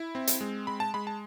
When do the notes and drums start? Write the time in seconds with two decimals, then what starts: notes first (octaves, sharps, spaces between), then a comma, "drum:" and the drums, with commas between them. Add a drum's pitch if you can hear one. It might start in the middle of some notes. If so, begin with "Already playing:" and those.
Already playing: E4
0.15 C4
0.27 drum: hi-hat
0.41 G#3
0.67 G#3 B5
0.80 A5
0.94 G#3 B5
1.07 A5